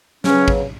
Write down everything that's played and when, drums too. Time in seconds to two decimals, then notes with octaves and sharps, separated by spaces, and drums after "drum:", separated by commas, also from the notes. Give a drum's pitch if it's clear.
0.24 C#3 F#3 B3 C#4, drum: snare
0.48 drum: kick